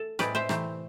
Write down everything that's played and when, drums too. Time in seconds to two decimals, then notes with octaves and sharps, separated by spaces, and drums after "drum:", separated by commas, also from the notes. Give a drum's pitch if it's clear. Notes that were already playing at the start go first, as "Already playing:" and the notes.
Already playing: A4
0.19 A2 G#3 C4 B4 D5, drum: rim click
0.35 C5 E5
0.49 C3 E3 A3 C4, drum: rim click